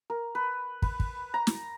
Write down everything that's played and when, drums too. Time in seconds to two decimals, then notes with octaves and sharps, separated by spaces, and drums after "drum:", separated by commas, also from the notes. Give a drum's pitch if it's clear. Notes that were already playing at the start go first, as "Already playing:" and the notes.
0.10 A#4
0.35 B4
0.82 B4, drum: kick
1.00 drum: kick
1.34 A#5
1.47 drum: snare